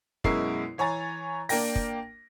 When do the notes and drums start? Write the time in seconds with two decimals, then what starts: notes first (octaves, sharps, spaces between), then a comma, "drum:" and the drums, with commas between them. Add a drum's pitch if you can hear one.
0.24 F#2 B2 G#3 E4 A#4 C7, drum: kick
0.78 E3 C#5 G#5 A#5 A6
1.49 A#3 D4 A#4 G5 A#6, drum: open hi-hat
1.76 drum: kick